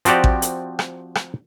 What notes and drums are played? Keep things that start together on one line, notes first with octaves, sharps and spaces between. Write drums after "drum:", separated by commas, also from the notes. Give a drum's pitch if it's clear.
F3 C4 F#4 G4 D5, drum: hi-hat
drum: kick A1
drum: hi-hat
drum: rim click
drum: rim click